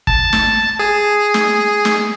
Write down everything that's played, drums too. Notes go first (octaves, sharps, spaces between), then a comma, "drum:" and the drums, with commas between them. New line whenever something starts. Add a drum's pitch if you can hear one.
A5, drum: kick
drum: snare
G#4
drum: snare
drum: snare